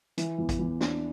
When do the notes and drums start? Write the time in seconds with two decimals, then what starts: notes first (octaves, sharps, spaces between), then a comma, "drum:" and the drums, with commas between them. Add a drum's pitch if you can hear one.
0.18 E3, drum: hi-hat
0.38 E2
0.49 drum: kick G#1, hi-hat
0.59 E2
0.81 D4, drum: snare